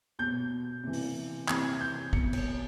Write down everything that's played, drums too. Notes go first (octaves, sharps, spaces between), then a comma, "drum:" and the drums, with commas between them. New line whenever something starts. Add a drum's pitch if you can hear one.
B2 G6
C3 E3
drum: open hi-hat
C3 E3 G#6, drum: clap
G6
B2 C#7, drum: kick
drum: cymbal